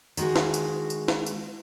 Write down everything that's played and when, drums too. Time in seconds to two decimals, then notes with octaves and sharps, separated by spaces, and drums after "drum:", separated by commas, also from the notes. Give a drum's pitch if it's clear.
0.17 D#3 G#3 F#4 G#4, drum: tambourine
0.36 drum: snare
0.54 drum: tambourine
0.90 drum: tambourine
1.08 drum: snare
1.26 drum: tambourine